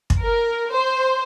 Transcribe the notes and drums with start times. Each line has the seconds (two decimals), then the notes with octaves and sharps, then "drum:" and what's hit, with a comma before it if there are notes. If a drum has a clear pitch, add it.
0.10 drum: kick
0.20 A#4
0.71 C5